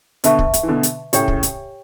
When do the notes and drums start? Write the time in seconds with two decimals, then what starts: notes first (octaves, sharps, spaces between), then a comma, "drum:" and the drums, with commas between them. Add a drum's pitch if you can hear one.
0.24 B2 D3 B4 E5 A5 C#6, drum: hi-hat
0.39 drum: kick
0.54 drum: hi-hat
0.63 E3
0.68 B2 D3
0.83 drum: hi-hat
1.13 A2 C#3 G4 C#5 G5, drum: hi-hat
1.28 drum: kick
1.43 drum: hi-hat